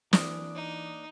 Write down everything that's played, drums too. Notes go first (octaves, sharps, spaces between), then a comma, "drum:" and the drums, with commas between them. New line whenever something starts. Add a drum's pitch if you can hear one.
E3 A#3 D4 D5 D#6, drum: snare
D#4